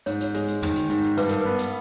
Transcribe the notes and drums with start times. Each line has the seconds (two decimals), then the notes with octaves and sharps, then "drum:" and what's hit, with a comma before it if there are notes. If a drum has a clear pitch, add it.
0.06 G#2 C#5, drum: hi-hat
0.20 drum: hi-hat
0.34 G#3, drum: hi-hat
0.48 drum: hi-hat
0.62 D#3, drum: tom
0.76 drum: hi-hat
0.90 G#2, drum: hi-hat
1.03 drum: hi-hat
1.17 G2 B4, drum: hi-hat
1.29 A#4, drum: hi-hat
1.41 B3 B4
1.59 drum: hi-hat